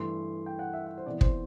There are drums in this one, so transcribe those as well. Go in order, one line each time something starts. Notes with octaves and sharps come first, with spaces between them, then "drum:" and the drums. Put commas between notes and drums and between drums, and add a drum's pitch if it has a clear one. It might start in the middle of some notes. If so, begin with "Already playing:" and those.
Already playing: G2 E3 A3 C6
G5
F#5
E5
F#5
C5
C3 E3 B3 D5
C5, drum: kick